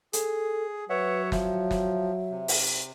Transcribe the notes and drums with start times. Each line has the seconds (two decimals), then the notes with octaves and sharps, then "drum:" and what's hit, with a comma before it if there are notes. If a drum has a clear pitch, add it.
0.13 G#4 A4, drum: hi-hat
0.90 F#3 B4 C#5 E5 F#5
1.32 F3 E5, drum: snare
1.71 drum: snare
2.31 C3
2.48 drum: open hi-hat